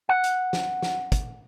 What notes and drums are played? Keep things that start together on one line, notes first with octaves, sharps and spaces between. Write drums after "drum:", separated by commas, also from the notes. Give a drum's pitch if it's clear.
F#5
drum: hi-hat
drum: snare
drum: snare
drum: kick, hi-hat